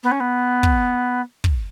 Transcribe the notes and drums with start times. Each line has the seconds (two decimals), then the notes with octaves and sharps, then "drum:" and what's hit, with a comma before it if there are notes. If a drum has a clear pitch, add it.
0.03 B3
0.11 C#4
0.20 B3
0.63 drum: kick
1.44 drum: kick